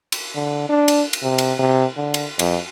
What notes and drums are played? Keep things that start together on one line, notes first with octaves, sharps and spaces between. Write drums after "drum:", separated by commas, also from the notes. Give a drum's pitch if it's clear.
drum: cymbal
D3
D4
drum: cymbal
drum: cymbal
C3
drum: cymbal
C3
D3
drum: cymbal
F2, drum: cymbal